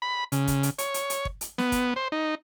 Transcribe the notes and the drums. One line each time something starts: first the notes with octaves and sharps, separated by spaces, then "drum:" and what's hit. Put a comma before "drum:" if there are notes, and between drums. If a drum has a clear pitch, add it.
B5
C#3, drum: hi-hat
drum: kick, hi-hat
drum: hi-hat
C#5, drum: hi-hat
drum: hi-hat
drum: hi-hat
drum: kick
drum: hi-hat
B3, drum: snare
drum: kick, hi-hat
C5
D#4